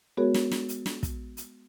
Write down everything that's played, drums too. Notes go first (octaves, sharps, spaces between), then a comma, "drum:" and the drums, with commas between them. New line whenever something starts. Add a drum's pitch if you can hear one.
G#3 B3 F#4 G#4 A#4 C#5
drum: snare
drum: snare
drum: hi-hat
drum: snare
drum: kick, hi-hat
drum: hi-hat